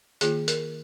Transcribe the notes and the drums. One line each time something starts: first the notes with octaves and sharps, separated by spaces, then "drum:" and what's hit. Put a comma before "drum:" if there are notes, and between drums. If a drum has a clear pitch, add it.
D#3 A#3 F4 G#4, drum: hi-hat
A#4, drum: hi-hat